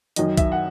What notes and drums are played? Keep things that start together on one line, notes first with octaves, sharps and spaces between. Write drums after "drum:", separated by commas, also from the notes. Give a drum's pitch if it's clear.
F#2 D#3 F#3 D#5, drum: hi-hat
E5, drum: kick, hi-hat
F#5